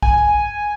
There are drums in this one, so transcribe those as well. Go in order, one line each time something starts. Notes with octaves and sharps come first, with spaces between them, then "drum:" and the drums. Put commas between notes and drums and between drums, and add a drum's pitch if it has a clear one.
G#5, drum: kick B1